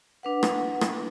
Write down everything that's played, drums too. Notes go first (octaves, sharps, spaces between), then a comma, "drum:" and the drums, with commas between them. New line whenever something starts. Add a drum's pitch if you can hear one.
D4 B4 F#5
drum: rim click
drum: rim click